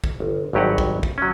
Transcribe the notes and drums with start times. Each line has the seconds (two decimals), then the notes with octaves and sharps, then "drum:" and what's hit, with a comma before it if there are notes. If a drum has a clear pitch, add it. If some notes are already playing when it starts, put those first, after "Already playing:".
0.04 drum: kick
0.20 G1
0.53 G#1 G2 F#3 G4 D#5 F#5
0.78 drum: kick
1.03 drum: kick
1.18 F#3 C#4